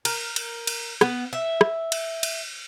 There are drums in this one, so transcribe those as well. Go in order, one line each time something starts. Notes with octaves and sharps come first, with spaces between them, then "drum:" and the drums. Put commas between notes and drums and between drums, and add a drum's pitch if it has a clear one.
A#4, drum: cymbal
drum: cymbal
drum: cymbal
B3, drum: rim click
E5
drum: rim click
drum: cymbal
drum: cymbal